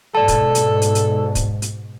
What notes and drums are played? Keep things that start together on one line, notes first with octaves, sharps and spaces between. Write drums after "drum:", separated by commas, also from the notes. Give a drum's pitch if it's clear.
G#2 B2 A4 D5 A5
drum: kick, hi-hat
drum: hi-hat
drum: hi-hat
drum: hi-hat
drum: kick, hi-hat
drum: hi-hat